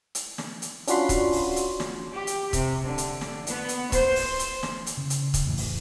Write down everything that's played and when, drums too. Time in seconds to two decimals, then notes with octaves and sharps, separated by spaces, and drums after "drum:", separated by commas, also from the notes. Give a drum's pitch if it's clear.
0.15 drum: hi-hat
0.38 drum: snare
0.62 drum: hi-hat
0.87 C#4 D4 F4 F#4 B5 C6, drum: hi-hat
1.09 drum: kick, hi-hat
1.33 drum: open hi-hat
1.56 drum: hi-hat
1.80 drum: snare
2.12 G4
2.27 drum: hi-hat
2.53 C3, drum: kick, hi-hat
2.85 D3
2.98 drum: hi-hat
3.21 drum: snare
3.47 B3, drum: hi-hat
3.69 drum: hi-hat
3.92 C5, drum: kick, hi-hat
4.16 drum: open hi-hat
4.39 drum: hi-hat
4.63 drum: snare
4.87 drum: hi-hat
4.97 C#3
5.10 drum: hi-hat
5.34 drum: kick, hi-hat
5.45 F2 A2 E3
5.57 drum: open hi-hat